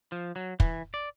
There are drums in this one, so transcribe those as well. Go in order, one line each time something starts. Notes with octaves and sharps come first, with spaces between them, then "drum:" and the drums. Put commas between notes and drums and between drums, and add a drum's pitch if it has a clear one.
F3
F#3
E3, drum: kick
D5